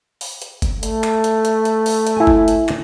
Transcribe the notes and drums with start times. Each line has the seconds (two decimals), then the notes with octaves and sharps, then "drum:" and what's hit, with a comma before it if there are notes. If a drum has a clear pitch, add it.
0.21 drum: open hi-hat
0.42 drum: hi-hat
0.62 drum: kick G1, hi-hat
0.83 A3, drum: hi-hat
1.03 drum: clap
1.24 drum: hi-hat
1.45 drum: hi-hat
1.65 drum: hi-hat
1.86 drum: open hi-hat
2.07 drum: hi-hat
2.17 E4 G#5
2.27 drum: kick G1
2.48 drum: hi-hat
2.68 drum: clap